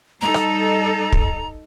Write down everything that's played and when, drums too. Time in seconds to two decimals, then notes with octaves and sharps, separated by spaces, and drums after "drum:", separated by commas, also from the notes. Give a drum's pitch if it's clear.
0.21 G3 D#4 A4 A#5
0.34 drum: rim click
1.12 drum: kick